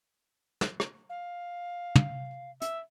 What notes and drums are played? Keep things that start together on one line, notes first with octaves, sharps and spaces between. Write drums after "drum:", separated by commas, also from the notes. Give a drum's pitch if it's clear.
drum: snare
drum: rim click
F5
drum: tom
E5, drum: hi-hat